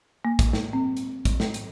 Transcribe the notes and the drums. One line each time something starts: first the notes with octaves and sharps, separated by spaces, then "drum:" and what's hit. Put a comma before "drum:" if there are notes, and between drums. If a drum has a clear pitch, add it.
A#3
drum: kick, hi-hat
drum: snare
C4
drum: hi-hat
drum: kick, hi-hat
drum: snare
drum: hi-hat